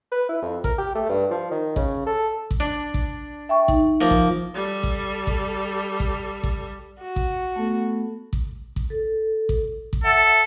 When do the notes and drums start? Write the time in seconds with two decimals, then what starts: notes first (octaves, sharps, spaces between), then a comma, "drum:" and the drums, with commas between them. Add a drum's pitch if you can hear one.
0.12 B4
0.29 E4
0.42 F2
0.64 A#4, drum: kick A1
0.78 G4
0.95 A3
1.09 G2
1.31 F3
1.52 D#3
1.76 C#3, drum: kick A1
2.06 A4
2.51 drum: kick A1
2.60 D4
2.94 drum: kick A1
3.49 E5 G5 C#6
3.68 D#4, drum: kick A1
4.01 F3 A#3
4.11 drum: kick A1
4.54 G3 A4
4.83 drum: kick A1
5.27 drum: kick A1
6.00 drum: kick A1
6.43 drum: kick A1
7.01 F#4
7.16 drum: kick A1
7.56 A3 B3 A4
8.33 drum: kick A1
8.76 drum: kick A1
8.90 A4
9.49 drum: kick A1
9.93 drum: kick A1
10.04 A4 E5 F#5